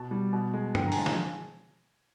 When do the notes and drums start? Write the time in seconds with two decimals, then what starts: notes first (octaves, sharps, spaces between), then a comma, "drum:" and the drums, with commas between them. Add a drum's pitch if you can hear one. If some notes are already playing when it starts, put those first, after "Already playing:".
Already playing: B2 A5
0.11 G3
0.33 B2
0.53 G#3
0.75 D3 G5, drum: tom G2
0.86 A#5
0.92 G#5, drum: open hi-hat
0.96 F3 G#3 A5
1.06 G#5, drum: snare